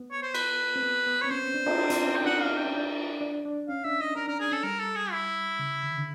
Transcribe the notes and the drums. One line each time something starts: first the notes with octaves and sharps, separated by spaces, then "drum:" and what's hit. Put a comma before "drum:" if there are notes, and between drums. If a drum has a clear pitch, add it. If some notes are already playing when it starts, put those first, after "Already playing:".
Already playing: B3
C#5
C5
B4, drum: cymbal
C4
B3
B3
C4 C#5
C#4 C5
D4
drum: cymbal
D4
C4, drum: hi-hat
C#4
G5
D#4
D4 F#5
F5
D#4
G5
C#4
D4
D4
D4
C#4 F5
D4 E5
D#4 D#5
D4 A#4
D4 A#4
D4 G#4
C#4 A4
G3 A#4
A4
G#4
E4
C#3
D3
D#3
D3